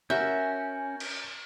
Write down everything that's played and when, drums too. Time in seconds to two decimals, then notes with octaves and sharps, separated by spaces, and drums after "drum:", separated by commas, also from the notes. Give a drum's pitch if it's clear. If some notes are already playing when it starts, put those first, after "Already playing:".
0.10 C#4 F#4 A#4 E5 G6
1.00 drum: cymbal